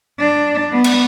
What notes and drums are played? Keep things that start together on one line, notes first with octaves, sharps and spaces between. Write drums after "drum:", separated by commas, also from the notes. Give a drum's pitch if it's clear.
D4
B3
drum: cymbal